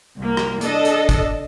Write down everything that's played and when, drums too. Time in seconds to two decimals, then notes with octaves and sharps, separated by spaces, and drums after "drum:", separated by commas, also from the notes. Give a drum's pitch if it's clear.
0.19 C2 A#3
0.37 drum: rim click
0.61 D4 A4 D#5, drum: hi-hat
0.85 drum: hi-hat
1.09 drum: kick, hi-hat